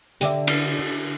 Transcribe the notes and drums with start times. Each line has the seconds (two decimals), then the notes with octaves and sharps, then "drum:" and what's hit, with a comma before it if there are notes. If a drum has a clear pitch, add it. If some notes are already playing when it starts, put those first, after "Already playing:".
0.21 D3 G4 D5 E5, drum: hi-hat
0.47 drum: cymbal